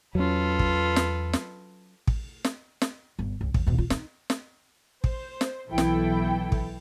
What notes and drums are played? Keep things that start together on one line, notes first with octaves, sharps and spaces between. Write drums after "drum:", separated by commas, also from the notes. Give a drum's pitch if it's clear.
E2 F#3 C#4 F4 A4 B4
drum: kick
drum: snare
drum: snare
drum: kick
drum: snare
drum: snare
G1
C#2
D#2, drum: kick
D#2 B2
F4
D#4, drum: snare
drum: snare
C5, drum: kick
drum: snare
B1 E3 E4 A4 G5
drum: snare
drum: kick